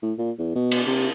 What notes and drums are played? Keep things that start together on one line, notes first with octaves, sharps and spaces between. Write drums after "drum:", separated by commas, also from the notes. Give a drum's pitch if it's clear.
A2
A#2
E2
B2
drum: cymbal
C3